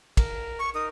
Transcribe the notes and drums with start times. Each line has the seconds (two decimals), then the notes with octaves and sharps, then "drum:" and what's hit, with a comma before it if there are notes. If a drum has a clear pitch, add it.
0.17 A#4, drum: kick, cymbal
0.59 C#6
0.75 D#4 A#4 D#6